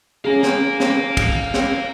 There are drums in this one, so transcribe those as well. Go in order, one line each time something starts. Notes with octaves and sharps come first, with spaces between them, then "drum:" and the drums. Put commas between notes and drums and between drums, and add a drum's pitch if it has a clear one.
C#4 G#4 F5 A#5
drum: snare
drum: snare
drum: kick, cymbal
drum: snare